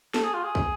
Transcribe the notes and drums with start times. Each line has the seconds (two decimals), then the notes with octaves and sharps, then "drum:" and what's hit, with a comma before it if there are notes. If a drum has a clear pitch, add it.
0.14 A4, drum: snare
0.24 G#4
0.34 F4
0.43 G#4
0.55 drum: kick